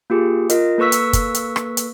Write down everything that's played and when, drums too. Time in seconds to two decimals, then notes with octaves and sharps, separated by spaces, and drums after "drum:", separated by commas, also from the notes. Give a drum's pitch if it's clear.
0.10 A#3 F4 G4 G#4
0.50 F4 A#4 D#5, drum: hi-hat
0.78 A#3 A4 B4 C#6 E6 B6
0.92 drum: hi-hat
1.13 drum: kick, hi-hat
1.35 drum: hi-hat
1.56 drum: rim click
1.77 drum: hi-hat